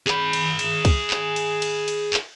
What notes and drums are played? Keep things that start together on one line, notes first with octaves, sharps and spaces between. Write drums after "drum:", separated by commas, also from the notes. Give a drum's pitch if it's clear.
G#4 B5, drum: clap
drum: cymbal
drum: cymbal
drum: kick, cymbal
drum: clap
drum: cymbal
drum: cymbal
drum: cymbal
drum: clap